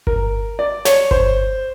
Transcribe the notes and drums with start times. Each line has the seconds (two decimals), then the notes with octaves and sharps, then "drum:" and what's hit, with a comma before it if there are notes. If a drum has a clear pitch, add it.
0.07 A#4, drum: kick G1
0.59 D5
0.85 C#5, drum: snare
1.11 C5, drum: kick G1